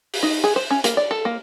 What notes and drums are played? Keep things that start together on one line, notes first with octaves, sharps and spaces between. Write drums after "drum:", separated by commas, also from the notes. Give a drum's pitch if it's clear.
drum: open hi-hat
D#4
G#4
C5
C#4
A#3, drum: hi-hat
D5
A4
A#3